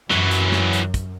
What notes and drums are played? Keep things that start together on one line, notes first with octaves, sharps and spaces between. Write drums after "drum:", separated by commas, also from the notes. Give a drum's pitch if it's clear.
F#2 E3 F#3, drum: snare
drum: hi-hat
drum: snare
drum: hi-hat
drum: kick, hi-hat